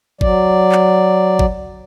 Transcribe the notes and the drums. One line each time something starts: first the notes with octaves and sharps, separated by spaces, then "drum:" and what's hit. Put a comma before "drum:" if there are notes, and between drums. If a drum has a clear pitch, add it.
F#3 D5, drum: kick
drum: clap
drum: kick